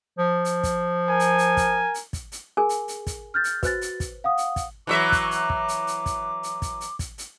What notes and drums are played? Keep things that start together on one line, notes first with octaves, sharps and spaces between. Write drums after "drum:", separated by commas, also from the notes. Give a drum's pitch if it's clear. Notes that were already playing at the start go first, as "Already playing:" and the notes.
F3
drum: hi-hat
drum: kick, hi-hat
A#4 G#5
drum: hi-hat
drum: hi-hat
drum: kick, hi-hat
drum: hi-hat
drum: kick, hi-hat
drum: hi-hat
G#4 A#4 G#5
drum: hi-hat
drum: hi-hat
drum: kick, hi-hat
F6 G6 A6
drum: hi-hat
F#4 B4 C5 A6, drum: kick, hi-hat
drum: hi-hat
drum: kick, hi-hat
F5 F#5 D#6
drum: hi-hat
drum: kick, hi-hat
E3 F#3 E5 D6
drum: kick, hi-hat
drum: hi-hat
drum: kick
drum: hi-hat
drum: hi-hat
drum: kick, hi-hat
drum: hi-hat
drum: kick, hi-hat
drum: hi-hat
drum: kick, hi-hat
drum: hi-hat